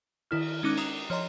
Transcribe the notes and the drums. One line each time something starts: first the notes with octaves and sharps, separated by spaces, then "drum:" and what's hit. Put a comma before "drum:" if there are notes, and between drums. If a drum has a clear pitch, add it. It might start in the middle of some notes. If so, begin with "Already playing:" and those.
D#3 E4 F6, drum: cymbal
G#3 C#4 D#4 D6 F#6
A#5 D#6, drum: cymbal
F3 C#5 D#5 A#5 C6